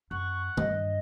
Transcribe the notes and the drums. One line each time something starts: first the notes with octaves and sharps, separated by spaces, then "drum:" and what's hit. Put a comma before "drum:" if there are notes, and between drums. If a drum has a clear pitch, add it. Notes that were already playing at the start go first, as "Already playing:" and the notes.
F#2 F#5 C#6
G2 D#5, drum: tom D#3